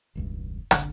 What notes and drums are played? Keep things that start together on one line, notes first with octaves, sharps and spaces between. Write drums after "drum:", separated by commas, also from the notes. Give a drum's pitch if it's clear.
E1 C#2 G2
F#1 C2 A#2 D3, drum: rim click